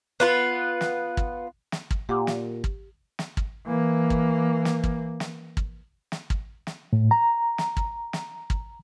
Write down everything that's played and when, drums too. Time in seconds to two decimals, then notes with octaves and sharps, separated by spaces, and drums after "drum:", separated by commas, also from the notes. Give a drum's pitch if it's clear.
0.20 B3 F4 B4
0.81 drum: snare
1.17 drum: kick
1.72 drum: snare
1.91 drum: kick
2.09 A#2 G4 F#5 D6
2.27 drum: snare
2.64 drum: kick
3.19 drum: snare
3.37 drum: kick
3.66 E3 A#3
4.10 drum: kick
4.65 drum: snare
4.84 drum: kick
5.20 drum: snare
5.57 drum: kick
6.12 drum: snare
6.30 drum: kick
6.67 drum: snare
6.93 A2
7.11 A#5
7.58 drum: snare
7.77 drum: kick
8.13 drum: snare
8.50 drum: kick